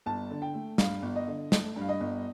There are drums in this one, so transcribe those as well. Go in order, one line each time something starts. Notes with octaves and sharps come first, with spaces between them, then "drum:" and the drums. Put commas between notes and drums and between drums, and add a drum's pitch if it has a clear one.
G1 A5
D3
G5
A3
G2 F5, drum: snare
G1
D#5
D3
A3, drum: snare
G2
F5
D#5
G1